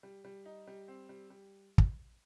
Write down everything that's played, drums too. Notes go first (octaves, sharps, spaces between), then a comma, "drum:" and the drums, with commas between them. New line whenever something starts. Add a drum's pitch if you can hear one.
G3
G3
D#4
G3
C4
G3
G3
drum: kick